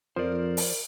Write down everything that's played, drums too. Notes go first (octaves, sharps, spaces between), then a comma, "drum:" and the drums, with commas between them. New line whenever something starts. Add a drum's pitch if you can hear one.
F2 F3 A#4 C5 D5
drum: open hi-hat